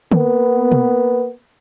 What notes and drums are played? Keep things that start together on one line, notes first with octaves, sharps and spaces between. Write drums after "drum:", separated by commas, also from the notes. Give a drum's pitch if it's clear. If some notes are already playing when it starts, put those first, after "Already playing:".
A#3 B3, drum: tom
drum: tom B2